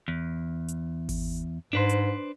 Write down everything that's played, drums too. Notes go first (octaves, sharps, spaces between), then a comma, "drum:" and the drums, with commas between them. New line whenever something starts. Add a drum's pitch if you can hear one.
E2
drum: hi-hat
drum: kick G#1, open hi-hat
G#2 D4 B4 C5
drum: hi-hat